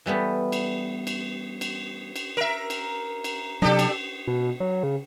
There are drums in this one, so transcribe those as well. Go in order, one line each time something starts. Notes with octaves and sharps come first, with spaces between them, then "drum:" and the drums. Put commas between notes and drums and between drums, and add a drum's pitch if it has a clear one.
E3 G3 A3 B3
drum: cymbal
drum: cymbal
drum: cymbal
drum: cymbal
A#4 E5
drum: cymbal
drum: cymbal
C3 F#3 D4 G4 A4
drum: cymbal
B2
F#3
C#3